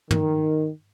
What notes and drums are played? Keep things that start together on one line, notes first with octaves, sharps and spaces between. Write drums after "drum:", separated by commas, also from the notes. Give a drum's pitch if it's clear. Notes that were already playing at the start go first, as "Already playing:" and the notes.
D#3, drum: tom